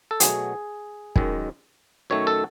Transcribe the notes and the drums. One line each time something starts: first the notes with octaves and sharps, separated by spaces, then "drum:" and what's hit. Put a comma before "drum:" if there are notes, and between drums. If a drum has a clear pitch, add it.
A4
B2 F#3 A3 G#4, drum: hi-hat
F#2 D#3 G#3, drum: kick
F#2 D#3 A3 C#5
A4